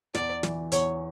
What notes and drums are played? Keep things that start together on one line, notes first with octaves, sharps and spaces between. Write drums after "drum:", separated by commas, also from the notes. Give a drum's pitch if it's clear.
E2 D5, drum: snare
E3, drum: snare
E2 C#5, drum: hi-hat